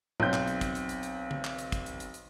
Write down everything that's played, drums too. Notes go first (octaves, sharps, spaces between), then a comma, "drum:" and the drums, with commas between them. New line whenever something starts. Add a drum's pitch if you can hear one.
B1 C4 G6, drum: tom G#2
drum: clap
drum: hi-hat
drum: kick, hi-hat
drum: hi-hat
drum: hi-hat
drum: hi-hat
drum: tom C#3
drum: clap
drum: hi-hat
drum: kick, hi-hat
drum: hi-hat
drum: hi-hat
drum: hi-hat